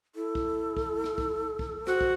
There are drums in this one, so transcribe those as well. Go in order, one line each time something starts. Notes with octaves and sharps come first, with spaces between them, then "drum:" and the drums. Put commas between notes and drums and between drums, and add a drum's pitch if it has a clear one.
E4 A4
drum: kick
drum: kick
drum: rim click
drum: kick
drum: kick
F#4 C5, drum: rim click
drum: kick